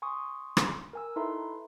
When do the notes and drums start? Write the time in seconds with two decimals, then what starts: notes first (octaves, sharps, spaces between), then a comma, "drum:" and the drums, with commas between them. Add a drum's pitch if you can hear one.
0.02 G#5 C6 C#6 D#6
0.57 drum: rim click
0.93 A#4 G#5 E6
1.16 D#4 E4 A4 B4 E5 C6